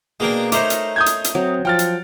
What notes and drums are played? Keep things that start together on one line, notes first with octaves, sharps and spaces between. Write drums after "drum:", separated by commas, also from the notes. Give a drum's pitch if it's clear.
B2 G#3 A#3 D4 G5
A3 D#4 A#4 C5 C#5 D6, drum: hi-hat
drum: hi-hat
D#6 G6 G#6
drum: hi-hat
drum: hi-hat
F#3 C4
F3 F#5 G5 F6 A6
drum: hi-hat